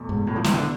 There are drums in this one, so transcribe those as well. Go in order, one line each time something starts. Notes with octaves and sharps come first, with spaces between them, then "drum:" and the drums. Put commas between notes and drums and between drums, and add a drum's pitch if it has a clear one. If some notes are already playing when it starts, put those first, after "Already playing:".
Already playing: E2 B2 A3
G#2
A2
F3
E3, drum: snare
D3